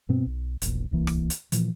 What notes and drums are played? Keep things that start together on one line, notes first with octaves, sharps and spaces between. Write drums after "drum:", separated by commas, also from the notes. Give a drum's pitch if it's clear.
G2 B2 B3 C4
B1
E1 A#1, drum: hi-hat
D1 C2 E3 A#3
drum: rim click
drum: hi-hat
A#2 E3 F3, drum: hi-hat